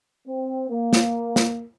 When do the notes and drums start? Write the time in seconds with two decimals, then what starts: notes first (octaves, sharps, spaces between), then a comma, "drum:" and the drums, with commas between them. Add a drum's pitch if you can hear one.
0.28 C4
0.70 A#3
0.93 drum: snare
1.36 drum: snare